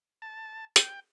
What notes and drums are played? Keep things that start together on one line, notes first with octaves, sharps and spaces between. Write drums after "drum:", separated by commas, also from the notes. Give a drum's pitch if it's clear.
A5
G5, drum: hi-hat